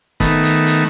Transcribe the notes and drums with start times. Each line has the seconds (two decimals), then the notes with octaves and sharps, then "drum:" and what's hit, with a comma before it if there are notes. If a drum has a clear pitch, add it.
0.20 D#3 A3 B3, drum: kick, hi-hat
0.43 drum: hi-hat
0.66 drum: hi-hat